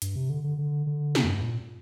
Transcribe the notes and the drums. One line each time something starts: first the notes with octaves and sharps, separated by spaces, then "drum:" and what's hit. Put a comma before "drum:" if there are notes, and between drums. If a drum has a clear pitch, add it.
G2, drum: hi-hat
C3
D3
D3
D3
D3
C3, drum: snare
F2
G2
A#2